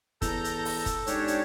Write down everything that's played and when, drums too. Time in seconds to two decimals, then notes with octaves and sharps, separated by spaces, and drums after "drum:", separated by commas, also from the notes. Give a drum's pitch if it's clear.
0.22 E2 A4 A#5 G6, drum: kick, hi-hat
0.44 drum: hi-hat
0.65 drum: open hi-hat
0.86 drum: kick, hi-hat
1.07 G#2 D4 G4 C#5, drum: hi-hat
1.28 drum: hi-hat